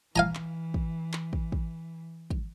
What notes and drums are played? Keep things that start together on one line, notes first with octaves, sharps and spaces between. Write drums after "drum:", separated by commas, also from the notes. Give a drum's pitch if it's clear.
E3 F5 G#5 A#5
drum: clap
drum: kick
drum: clap
drum: kick
drum: kick
drum: kick